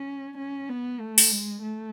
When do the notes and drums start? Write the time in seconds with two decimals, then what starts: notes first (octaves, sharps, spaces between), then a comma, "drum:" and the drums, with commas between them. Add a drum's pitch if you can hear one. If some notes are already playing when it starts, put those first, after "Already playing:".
Already playing: C#4
0.38 C#4
0.69 B3
1.00 A3
1.18 drum: open hi-hat
1.31 G#3
1.62 A3